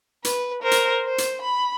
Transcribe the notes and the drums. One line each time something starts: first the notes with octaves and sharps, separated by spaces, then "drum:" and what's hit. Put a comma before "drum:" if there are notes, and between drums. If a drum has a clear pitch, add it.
B4, drum: hi-hat
A#4 C5
drum: hi-hat
C5
drum: hi-hat
B5